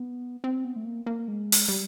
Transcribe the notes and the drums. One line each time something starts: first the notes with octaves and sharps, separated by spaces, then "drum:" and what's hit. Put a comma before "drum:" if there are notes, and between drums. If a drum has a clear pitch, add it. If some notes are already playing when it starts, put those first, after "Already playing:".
Already playing: B3
C4
B3
A3
A#3
A#3
G#3
drum: open hi-hat
G3